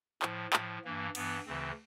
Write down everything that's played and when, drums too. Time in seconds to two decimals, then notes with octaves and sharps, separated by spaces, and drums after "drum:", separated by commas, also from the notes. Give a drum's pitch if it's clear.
0.22 A2 F3, drum: clap
0.53 A2 F3, drum: clap
0.84 G2 E3 A#3
1.15 G2 E3 B3, drum: cymbal
1.46 D2 C#3 E3 C4